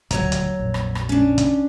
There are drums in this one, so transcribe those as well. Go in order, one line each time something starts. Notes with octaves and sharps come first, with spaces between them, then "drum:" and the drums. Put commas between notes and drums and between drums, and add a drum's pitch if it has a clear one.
D#1 D2 F#3 C#5 A#5, drum: kick, hi-hat
drum: hi-hat
A#1 F2
drum: rim click
drum: rim click
C#4 D4
drum: kick, hi-hat